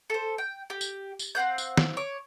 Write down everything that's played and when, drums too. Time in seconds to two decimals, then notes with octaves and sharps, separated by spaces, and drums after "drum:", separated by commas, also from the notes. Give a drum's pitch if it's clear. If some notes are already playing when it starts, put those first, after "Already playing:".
0.10 A4 C5
0.38 G5
0.70 G4
0.81 drum: tambourine
1.19 drum: tambourine
1.35 C4 F5 F#5 G6
1.58 drum: tambourine
1.77 drum: snare
1.97 C#5 D6